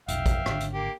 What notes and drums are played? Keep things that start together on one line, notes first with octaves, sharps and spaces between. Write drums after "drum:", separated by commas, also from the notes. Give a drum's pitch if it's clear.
F1 B1 E5 F5 G5, drum: hi-hat
drum: kick, hi-hat
G#1 D3, drum: rim click
drum: hi-hat
A#3 G4